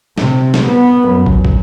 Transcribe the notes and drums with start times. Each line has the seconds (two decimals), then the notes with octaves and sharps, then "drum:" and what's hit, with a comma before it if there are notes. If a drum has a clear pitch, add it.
0.18 C3, drum: snare
0.54 drum: snare
0.66 B3
1.08 F#2
1.26 drum: kick
1.45 drum: kick